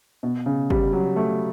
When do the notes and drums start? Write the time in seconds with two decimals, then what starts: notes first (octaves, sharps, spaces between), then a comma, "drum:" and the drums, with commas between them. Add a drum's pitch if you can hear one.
0.23 B2
0.46 C#3
0.70 G3, drum: kick G1
0.93 F#3
1.16 A3